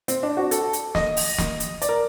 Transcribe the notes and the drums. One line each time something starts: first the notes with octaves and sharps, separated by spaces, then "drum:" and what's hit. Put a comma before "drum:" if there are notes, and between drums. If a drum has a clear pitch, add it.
C4, drum: hi-hat
D4
F#4
A4, drum: hi-hat
drum: hi-hat
D#5, drum: snare
drum: open hi-hat
drum: snare
drum: hi-hat
D5, drum: hi-hat
A#4